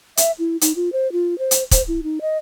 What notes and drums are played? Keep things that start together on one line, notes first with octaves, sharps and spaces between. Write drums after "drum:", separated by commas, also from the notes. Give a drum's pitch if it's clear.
E5, drum: hi-hat
E4
D#4, drum: hi-hat
F4
C5
F4
C5
drum: hi-hat
C5, drum: kick, hi-hat
E4
D#4
D#5